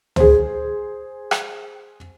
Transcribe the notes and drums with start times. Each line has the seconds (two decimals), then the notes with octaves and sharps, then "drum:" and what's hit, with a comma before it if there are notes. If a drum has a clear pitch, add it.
0.16 G#4 C5, drum: tom
1.31 drum: rim click